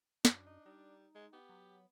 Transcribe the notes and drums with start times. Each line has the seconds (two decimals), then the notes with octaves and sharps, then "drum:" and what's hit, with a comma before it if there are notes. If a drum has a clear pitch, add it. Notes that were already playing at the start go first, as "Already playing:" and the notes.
0.25 F#2 D4, drum: snare
0.46 D#4
0.66 G3 D#4
1.15 G#3
1.33 B3 G4
1.49 F#3